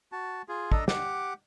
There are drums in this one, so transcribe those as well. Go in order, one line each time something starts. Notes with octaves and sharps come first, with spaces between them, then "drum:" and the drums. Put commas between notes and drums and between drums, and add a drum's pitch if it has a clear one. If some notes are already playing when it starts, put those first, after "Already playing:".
F#4 A5
F4 G#4
D4 A4 D#5 A#5, drum: kick
G4 F#5 D6, drum: snare